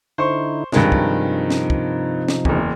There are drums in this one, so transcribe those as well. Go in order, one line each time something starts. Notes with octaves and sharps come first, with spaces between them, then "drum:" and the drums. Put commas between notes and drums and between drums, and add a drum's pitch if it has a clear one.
D3 D#4 E4 C5 C#6
G2 C3 D#3 F3 G#3 D#4, drum: snare
drum: kick
drum: snare
drum: kick
drum: snare
F#1 E2, drum: kick